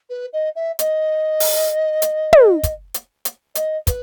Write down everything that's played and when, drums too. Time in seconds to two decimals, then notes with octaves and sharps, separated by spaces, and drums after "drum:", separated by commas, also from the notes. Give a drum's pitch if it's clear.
0.09 B4
0.33 D#5
0.55 E5
0.79 D#5, drum: hi-hat
1.40 drum: open hi-hat
2.02 drum: hi-hat
2.33 drum: tom
2.63 drum: kick, hi-hat
2.94 drum: hi-hat
3.25 drum: hi-hat
3.55 D#5, drum: hi-hat
3.87 B4, drum: kick, hi-hat